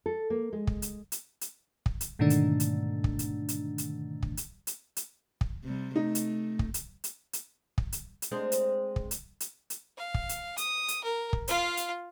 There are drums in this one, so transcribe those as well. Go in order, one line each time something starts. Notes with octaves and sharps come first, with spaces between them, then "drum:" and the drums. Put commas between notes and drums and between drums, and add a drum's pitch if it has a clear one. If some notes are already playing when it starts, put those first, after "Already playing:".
A4
A#3
G#3
drum: kick
drum: hi-hat
drum: hi-hat
drum: hi-hat
drum: kick
drum: hi-hat
G#2 B2 D3 D#3 A3 D4
drum: hi-hat
drum: hi-hat
drum: kick
drum: hi-hat
drum: hi-hat
drum: hi-hat
drum: kick
drum: hi-hat
drum: hi-hat
drum: hi-hat
drum: kick
C3 G3
A3 D#4
drum: hi-hat
drum: kick
drum: hi-hat
drum: hi-hat
drum: hi-hat
drum: kick
drum: hi-hat
drum: hi-hat
G#3 C4 D4
drum: hi-hat
drum: kick
drum: hi-hat
drum: hi-hat
drum: hi-hat
F5
drum: kick
drum: hi-hat
D#6, drum: hi-hat
drum: hi-hat
A#4
drum: kick
F4 F5, drum: hi-hat
drum: hi-hat